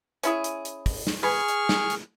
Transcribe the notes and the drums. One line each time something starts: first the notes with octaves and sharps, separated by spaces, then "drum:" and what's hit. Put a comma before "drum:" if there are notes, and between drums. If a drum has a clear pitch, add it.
C#4 E4 G#4, drum: hi-hat
drum: hi-hat
drum: hi-hat
drum: kick, open hi-hat
drum: snare
G#4 B4 G#5 C#6 F6
drum: hi-hat
drum: snare
drum: hi-hat